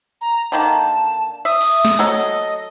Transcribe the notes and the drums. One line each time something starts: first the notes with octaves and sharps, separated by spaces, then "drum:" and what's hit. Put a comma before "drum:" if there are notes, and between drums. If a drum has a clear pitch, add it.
A#5
D3 D#3 A#3 A5
E5 D#6
drum: open hi-hat
drum: snare
F#3 A4 D#5, drum: hi-hat